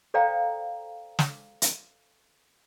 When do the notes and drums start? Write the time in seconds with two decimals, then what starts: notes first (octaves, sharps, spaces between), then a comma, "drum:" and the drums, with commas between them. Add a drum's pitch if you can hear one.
0.14 A4 C5 D5 F5 G5 A#5
1.19 drum: snare
1.62 drum: hi-hat